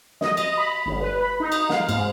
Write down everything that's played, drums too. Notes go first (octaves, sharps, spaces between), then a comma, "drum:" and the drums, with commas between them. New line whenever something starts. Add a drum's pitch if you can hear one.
D#5, drum: snare
D#5, drum: cymbal
B5
G1
B4
B5
D#4
drum: cymbal
F5, drum: snare
G#2, drum: cymbal